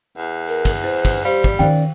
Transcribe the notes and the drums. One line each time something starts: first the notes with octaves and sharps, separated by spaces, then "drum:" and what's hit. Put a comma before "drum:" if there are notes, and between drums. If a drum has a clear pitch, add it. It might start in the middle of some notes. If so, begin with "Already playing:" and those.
E2
A#4
drum: kick, cymbal
E4 C5
drum: kick, cymbal
G3 G4 C5 F5
drum: kick
D#3 C#4 C5 D5 F5 G5